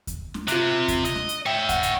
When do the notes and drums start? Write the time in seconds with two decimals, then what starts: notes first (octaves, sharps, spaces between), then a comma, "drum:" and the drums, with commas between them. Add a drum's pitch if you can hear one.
0.07 drum: kick D#2, hi-hat
0.34 drum: snare
0.48 C3 F4 F#6, drum: hi-hat
0.88 drum: kick D#2, hi-hat
1.05 D#5, drum: hi-hat
1.15 drum: snare
1.29 drum: hi-hat
1.46 C#5 E5 G5
1.69 F#5, drum: kick D#2, hi-hat
1.83 drum: hi-hat